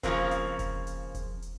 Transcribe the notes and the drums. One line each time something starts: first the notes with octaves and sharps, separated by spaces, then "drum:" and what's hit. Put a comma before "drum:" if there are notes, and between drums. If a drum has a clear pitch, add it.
C#3 F3 G3 A#3 C4, drum: kick E1, hi-hat
drum: hi-hat
drum: kick E1, hi-hat
drum: hi-hat
drum: kick E1, hi-hat
drum: hi-hat